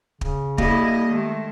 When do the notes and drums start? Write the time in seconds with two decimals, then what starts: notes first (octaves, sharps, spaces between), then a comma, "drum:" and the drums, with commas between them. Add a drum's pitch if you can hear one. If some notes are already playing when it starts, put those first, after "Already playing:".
0.21 C#3, drum: kick
0.58 A#3 E4 G4 D5 D#5, drum: kick
1.06 D#3 G#3 A3